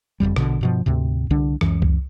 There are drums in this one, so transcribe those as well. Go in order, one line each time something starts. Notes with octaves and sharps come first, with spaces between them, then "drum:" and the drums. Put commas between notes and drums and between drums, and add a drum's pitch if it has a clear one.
F#1 B1 F2 G3
A#1 B2 D3, drum: rim click
G2 B2 F3
D2 G#2 C3
C2 D3 D4
C#2 F#2 E3, drum: rim click
drum: kick C2